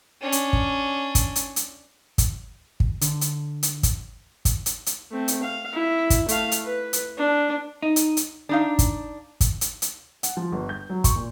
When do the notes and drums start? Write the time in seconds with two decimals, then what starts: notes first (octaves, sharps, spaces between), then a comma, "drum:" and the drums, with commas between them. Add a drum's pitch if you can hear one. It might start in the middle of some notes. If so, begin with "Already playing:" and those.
0.21 C#4 D4
0.32 drum: hi-hat
0.53 drum: kick
1.15 drum: kick, hi-hat
1.36 drum: hi-hat
1.56 drum: hi-hat
2.18 drum: kick, hi-hat
2.80 drum: kick
3.01 D3, drum: hi-hat
3.21 drum: hi-hat
3.63 drum: hi-hat
3.83 drum: kick, hi-hat
4.45 drum: kick, hi-hat
4.66 drum: hi-hat
4.86 drum: hi-hat
5.11 A3 C4
5.28 drum: hi-hat
5.43 F5
5.73 E4
6.10 drum: kick, hi-hat
6.28 A3 F5, drum: hi-hat
6.52 drum: hi-hat
6.63 B4
6.93 drum: hi-hat
7.18 D4
7.82 D#4
7.96 drum: hi-hat
8.17 drum: hi-hat
8.49 D4 D#4 F5
8.79 drum: kick, hi-hat
9.41 drum: kick, hi-hat
9.61 drum: hi-hat
9.82 drum: hi-hat
10.23 F#5, drum: hi-hat
10.37 F3
10.52 G1
10.69 G6
10.90 F#3
11.04 C#6, drum: kick, hi-hat
11.16 A#2